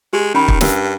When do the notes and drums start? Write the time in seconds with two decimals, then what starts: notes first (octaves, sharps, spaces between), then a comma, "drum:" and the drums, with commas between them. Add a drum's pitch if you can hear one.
0.13 G#3 G4
0.35 D#3 C#4 B5
0.48 drum: kick
0.61 G2 A#4, drum: snare